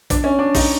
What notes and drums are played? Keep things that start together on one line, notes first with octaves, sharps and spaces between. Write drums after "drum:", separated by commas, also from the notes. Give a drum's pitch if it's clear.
D4, drum: kick, hi-hat
C#4
D4
D#4, drum: kick, open hi-hat